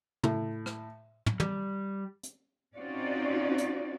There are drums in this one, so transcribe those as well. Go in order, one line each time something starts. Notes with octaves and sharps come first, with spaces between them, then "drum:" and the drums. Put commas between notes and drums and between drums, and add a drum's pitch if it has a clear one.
A2, drum: tom
drum: rim click
drum: tom
G3, drum: tom
drum: hi-hat
C4 C#4 D#4 F4 F#4 D5
drum: hi-hat